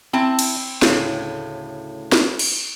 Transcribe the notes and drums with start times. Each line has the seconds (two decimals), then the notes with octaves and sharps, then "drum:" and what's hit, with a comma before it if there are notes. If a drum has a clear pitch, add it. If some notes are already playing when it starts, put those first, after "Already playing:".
0.13 C4 E4 A5
0.39 drum: cymbal
0.82 D2 A2 C#3, drum: snare
2.12 drum: snare
2.39 drum: cymbal